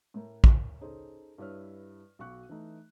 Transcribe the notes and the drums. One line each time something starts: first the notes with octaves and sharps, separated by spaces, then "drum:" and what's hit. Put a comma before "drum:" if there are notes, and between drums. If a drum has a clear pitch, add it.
A2 A#4
drum: kick
C#4 D#4 G#4 A4 C5
G2 G3 E4 B4 C#5 F6
B1 F#4 C#6 F#6
E3 A3 D#4